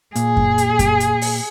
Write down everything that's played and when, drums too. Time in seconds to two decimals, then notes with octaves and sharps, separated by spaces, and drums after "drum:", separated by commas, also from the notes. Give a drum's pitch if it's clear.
0.15 A#2 G#4, drum: hi-hat
0.37 drum: kick F#2
0.58 drum: hi-hat
0.79 drum: kick F#2, hi-hat
1.00 drum: hi-hat
1.21 drum: open hi-hat